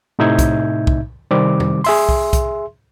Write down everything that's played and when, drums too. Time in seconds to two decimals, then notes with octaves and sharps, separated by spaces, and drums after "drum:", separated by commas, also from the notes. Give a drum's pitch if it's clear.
0.19 A2 C3 D#4 E5 G6 G#6
0.39 drum: kick B1, hi-hat
0.87 drum: kick B1
1.31 C3 D#3 G3 C4 D6
1.60 drum: tom F2
1.84 G#4 E5 C6, drum: open hi-hat
2.09 drum: kick B1
2.33 drum: kick B1, hi-hat